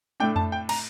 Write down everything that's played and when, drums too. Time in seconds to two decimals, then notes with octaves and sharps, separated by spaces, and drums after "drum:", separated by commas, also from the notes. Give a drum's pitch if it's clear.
0.20 A2 A3 D4 G5
0.36 A5, drum: tom F2
0.52 G5
0.69 A#5, drum: cymbal